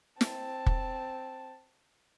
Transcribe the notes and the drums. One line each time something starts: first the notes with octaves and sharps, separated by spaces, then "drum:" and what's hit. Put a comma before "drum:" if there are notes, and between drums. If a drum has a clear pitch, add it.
C4 A5, drum: snare
drum: kick